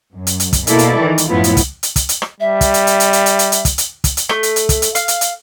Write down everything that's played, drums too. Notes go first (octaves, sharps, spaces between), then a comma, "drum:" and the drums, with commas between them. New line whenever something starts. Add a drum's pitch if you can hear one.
F#2
drum: hi-hat
drum: hi-hat
drum: kick, hi-hat
B2 A#3 E4 A4 D5, drum: hi-hat
drum: hi-hat
D#3 E3
drum: hi-hat
F#2 A2 F3 B3 E4 F4
drum: hi-hat
drum: kick, hi-hat
drum: hi-hat
drum: kick, hi-hat
drum: hi-hat
drum: rim click
G3 E5
drum: kick, hi-hat
drum: hi-hat
drum: hi-hat
drum: hi-hat
drum: hi-hat
drum: hi-hat
drum: hi-hat
drum: hi-hat
drum: kick, hi-hat
drum: hi-hat
drum: kick, hi-hat
drum: hi-hat
A3, drum: rim click
drum: hi-hat
drum: hi-hat
drum: kick, hi-hat
drum: hi-hat
F5, drum: hi-hat
drum: hi-hat
drum: hi-hat